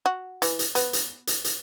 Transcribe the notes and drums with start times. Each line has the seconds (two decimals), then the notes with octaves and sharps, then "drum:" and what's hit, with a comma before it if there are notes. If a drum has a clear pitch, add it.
0.06 F#4
0.42 E3, drum: hi-hat
0.59 drum: hi-hat
0.75 B3, drum: hi-hat
0.93 drum: hi-hat
1.27 drum: hi-hat
1.44 drum: hi-hat